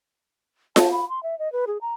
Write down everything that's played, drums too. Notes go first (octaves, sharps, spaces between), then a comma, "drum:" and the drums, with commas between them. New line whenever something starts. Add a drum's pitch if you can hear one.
A5, drum: snare F4
B5
C6
E5
D#5
B4
G#4
A#5